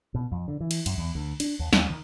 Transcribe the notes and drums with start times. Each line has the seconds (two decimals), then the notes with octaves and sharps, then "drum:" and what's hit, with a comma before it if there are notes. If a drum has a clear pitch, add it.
0.14 B2
0.32 F2
0.48 D3
0.60 E3
0.71 drum: cymbal
0.86 F#2, drum: cymbal
0.98 E2
1.15 D2
1.40 D4, drum: cymbal
1.59 D#2
1.73 D#2, drum: snare
1.90 D#3